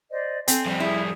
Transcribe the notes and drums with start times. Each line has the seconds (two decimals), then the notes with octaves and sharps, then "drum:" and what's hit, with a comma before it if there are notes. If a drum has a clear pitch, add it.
0.11 C5 D5 D#5
0.48 C4 A4 C5 G#5, drum: hi-hat
0.65 F2 G3
0.80 E4 G#4